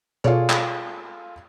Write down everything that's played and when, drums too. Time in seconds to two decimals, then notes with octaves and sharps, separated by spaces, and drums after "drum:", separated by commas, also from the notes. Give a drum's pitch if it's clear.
0.24 B2 F4 G#4 A4 C#5 D5
0.50 drum: clap